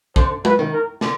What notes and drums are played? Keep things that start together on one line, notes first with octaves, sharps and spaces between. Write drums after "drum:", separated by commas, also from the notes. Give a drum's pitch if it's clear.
D3 C5, drum: kick
B4, drum: tom G#3
D#3
A#4
D3, drum: snare